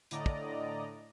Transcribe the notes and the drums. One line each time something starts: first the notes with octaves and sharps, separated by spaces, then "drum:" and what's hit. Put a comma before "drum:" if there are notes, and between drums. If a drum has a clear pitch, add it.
A2 D3 D5 D#5 A#5, drum: hi-hat
drum: kick